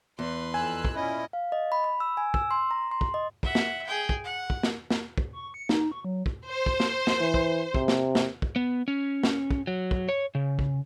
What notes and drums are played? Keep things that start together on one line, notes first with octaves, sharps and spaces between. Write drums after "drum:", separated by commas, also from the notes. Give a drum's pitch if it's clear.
E2 B4 C6
F2 G#5 E6 F#6
drum: kick
A#2 C#4 E4 D#5
F5
D#5
B5
B5
E6
G#5
E6, drum: kick
C6
A#5
C6
drum: kick
D#5
E5 F#5, drum: kick
drum: snare
G#4 G5
drum: kick
F#5
drum: kick
drum: snare
drum: snare
drum: kick
C#6
C#7
D#4, drum: snare
C#6
F#3
drum: kick
C5
drum: kick
drum: snare
drum: snare
E3
drum: kick
C3, drum: kick
drum: snare
drum: snare
drum: kick
B3
C#4
drum: snare
drum: kick
F#3
drum: kick
C#5
C#3
drum: kick